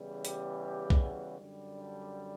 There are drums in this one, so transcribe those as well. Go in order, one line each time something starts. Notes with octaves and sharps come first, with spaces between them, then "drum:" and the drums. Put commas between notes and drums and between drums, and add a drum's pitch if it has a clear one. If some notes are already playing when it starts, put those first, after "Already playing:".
Already playing: E2 C#3 E3 G3
G4, drum: hi-hat
G4
drum: kick B1
F#4
F#2 D3 G3
D4